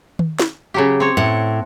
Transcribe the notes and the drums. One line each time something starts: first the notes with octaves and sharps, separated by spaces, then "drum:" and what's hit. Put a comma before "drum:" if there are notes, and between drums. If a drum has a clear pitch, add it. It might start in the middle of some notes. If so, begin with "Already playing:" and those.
drum: tom D#3
drum: snare
C#3 F#3 G4
C4 C#5
A2 F#5